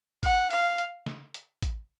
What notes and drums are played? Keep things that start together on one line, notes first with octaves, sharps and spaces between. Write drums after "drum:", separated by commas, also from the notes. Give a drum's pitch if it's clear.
F#5, drum: kick A1, open hi-hat
F5, drum: open hi-hat
drum: hi-hat
drum: snare
drum: hi-hat
drum: kick A1, hi-hat